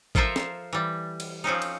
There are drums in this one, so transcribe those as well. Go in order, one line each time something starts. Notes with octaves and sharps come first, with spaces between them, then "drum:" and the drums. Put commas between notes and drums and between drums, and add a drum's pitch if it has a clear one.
F3 F4 A4 A#4 C5 E5, drum: kick
drum: snare
E3 G3
drum: cymbal
F3 C4 C#4 D#4
drum: cymbal